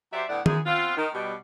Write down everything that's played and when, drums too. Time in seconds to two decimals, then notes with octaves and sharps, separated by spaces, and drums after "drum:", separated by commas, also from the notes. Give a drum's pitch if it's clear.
0.13 F#3 G4 C5 D5 E5
0.29 A2 D3 B3 D5 F#5
0.46 F#2 E3 G#4, drum: tom D#3
0.66 B3 C4 F4
0.97 D#3
1.14 B2 G3